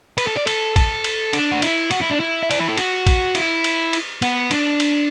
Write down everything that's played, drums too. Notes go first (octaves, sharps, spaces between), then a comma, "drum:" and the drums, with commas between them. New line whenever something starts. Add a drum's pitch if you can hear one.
B4, drum: cymbal
A4
D5
A4, drum: cymbal
A4, drum: kick A1, cymbal
drum: cymbal
D4, drum: cymbal
F#4
E4, drum: cymbal
F#4, drum: cymbal
E4
D4
E4
E5
D5, drum: cymbal
B4
A4
F#4, drum: cymbal
drum: kick A1, cymbal
E4, drum: cymbal
drum: cymbal
drum: cymbal
B3, drum: cymbal
D4, drum: cymbal
drum: cymbal